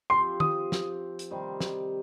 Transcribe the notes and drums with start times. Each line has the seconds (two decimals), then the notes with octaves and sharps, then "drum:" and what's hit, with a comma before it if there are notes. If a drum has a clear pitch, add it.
0.10 F3 C4 G4 C6
0.40 D#6, drum: tom
0.72 drum: snare
1.19 drum: hi-hat
1.31 C3 D#3 G3
1.60 drum: snare